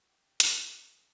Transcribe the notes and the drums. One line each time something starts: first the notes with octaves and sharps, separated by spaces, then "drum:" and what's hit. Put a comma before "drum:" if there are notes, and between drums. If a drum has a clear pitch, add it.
F#4
G4
drum: hi-hat
G#4